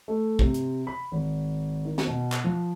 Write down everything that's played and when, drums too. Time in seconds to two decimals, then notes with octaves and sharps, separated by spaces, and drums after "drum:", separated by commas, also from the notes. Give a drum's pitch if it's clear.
0.08 A3
0.39 C3, drum: kick
0.54 drum: hi-hat
0.87 B5
1.12 G#1
1.85 D#3
1.98 drum: snare
2.07 B2
2.32 drum: clap
2.44 F3